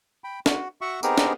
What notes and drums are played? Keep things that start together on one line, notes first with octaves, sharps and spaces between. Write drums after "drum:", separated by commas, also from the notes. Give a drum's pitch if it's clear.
G5 B5
F#4, drum: snare
F#4 E5 F#5 C#6
B3 C4 D#4 G4 G#4 A#4, drum: tambourine
drum: snare